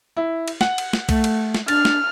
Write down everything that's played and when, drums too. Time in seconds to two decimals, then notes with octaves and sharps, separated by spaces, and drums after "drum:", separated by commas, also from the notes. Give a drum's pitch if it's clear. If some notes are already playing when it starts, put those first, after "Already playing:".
0.17 E4
0.48 drum: cymbal
0.61 F#5, drum: snare
0.78 drum: cymbal
0.93 drum: snare
1.09 A3, drum: kick B1, cymbal
1.24 drum: cymbal
1.55 drum: snare
1.68 D4 F6 A6, drum: cymbal
1.85 drum: snare